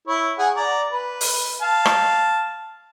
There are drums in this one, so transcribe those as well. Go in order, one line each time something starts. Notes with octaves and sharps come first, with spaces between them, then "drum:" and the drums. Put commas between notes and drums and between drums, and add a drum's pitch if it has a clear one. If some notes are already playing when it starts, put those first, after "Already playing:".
E4 C#5
G#4 F#5 G#5
D5 A#5
B4
drum: open hi-hat
F5 A5
drum: rim click